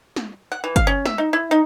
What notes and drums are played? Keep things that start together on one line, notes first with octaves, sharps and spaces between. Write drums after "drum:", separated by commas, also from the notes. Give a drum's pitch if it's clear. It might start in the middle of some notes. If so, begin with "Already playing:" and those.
drum: snare
F#5
E3
F5, drum: kick, hi-hat
C#4
E5, drum: snare
D#4
E4
D#4